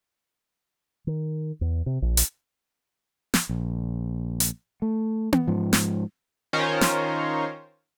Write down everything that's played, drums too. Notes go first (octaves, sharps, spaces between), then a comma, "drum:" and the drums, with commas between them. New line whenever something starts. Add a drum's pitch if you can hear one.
D#3
E2
C3
A#1
drum: hi-hat
drum: snare
A#1
drum: hi-hat
A3
drum: tom B3
G#2 F3
drum: snare
D#3 C#4 F4 A#4 C5 C#5
drum: snare